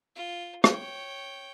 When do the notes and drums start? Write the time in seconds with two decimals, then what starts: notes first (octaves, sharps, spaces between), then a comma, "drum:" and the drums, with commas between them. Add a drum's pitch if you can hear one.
0.16 F4
0.64 C#5 G5, drum: rim click